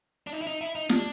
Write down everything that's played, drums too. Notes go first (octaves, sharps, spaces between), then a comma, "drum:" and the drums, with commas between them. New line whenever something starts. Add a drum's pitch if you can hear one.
D4
D#4
E4
D#4
E4
D#4
D4, drum: snare